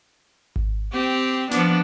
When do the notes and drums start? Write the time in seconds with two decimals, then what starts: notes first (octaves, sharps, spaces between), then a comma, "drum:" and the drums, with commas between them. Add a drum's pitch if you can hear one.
0.56 drum: kick G#1
0.92 C4 G4
1.51 F3 B3 D4, drum: snare